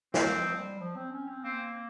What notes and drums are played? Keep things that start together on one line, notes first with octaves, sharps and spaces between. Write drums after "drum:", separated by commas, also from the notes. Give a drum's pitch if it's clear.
E3 C4, drum: snare
F3
G3
F3
C4
C#4
C4
A#3 C4